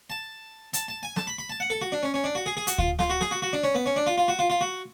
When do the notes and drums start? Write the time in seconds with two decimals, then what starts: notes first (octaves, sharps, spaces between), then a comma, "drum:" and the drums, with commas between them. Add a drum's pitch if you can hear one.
0.10 A5
0.73 A5, drum: hi-hat
0.88 A5
1.03 G#5
1.16 A5, drum: snare
1.27 B5
1.38 B5
1.50 A5
1.60 F#5
1.70 A4
1.81 F#4
1.92 D4
2.03 C#4
2.14 C#4
2.24 D4
2.35 F#4
2.46 G#4
2.57 G#4
2.67 F#4, drum: hi-hat
2.78 F4, drum: kick D2
2.99 F4, drum: snare
3.10 F#4
3.21 G#4, drum: snare
3.31 F#4
3.42 F#4
3.53 D4
3.63 C#4
3.75 B3
3.86 C#4
3.96 D4
4.07 F4
4.18 F4
4.28 F#4
4.39 F4
4.50 F4
4.61 F#4